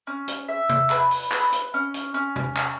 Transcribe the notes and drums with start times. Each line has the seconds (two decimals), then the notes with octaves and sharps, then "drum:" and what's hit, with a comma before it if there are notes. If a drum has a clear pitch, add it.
0.07 C#4
0.28 drum: hi-hat
0.49 E5
0.69 drum: tom
0.90 B4, drum: clap
1.11 drum: open hi-hat
1.32 B4, drum: clap
1.53 drum: hi-hat
1.74 C#4
1.94 drum: hi-hat
2.14 C#4
2.36 drum: tom C3
2.57 C#4, drum: clap